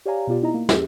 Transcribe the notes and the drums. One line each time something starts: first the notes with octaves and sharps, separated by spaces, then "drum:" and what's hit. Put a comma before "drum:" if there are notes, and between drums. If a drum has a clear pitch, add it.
G4 C#5 D5 F5 G#5 A#5
B2 B3 F4 G4 D5
B3 D#4 E4 D#5 A#5
A#3
C#4 G4 G#4, drum: snare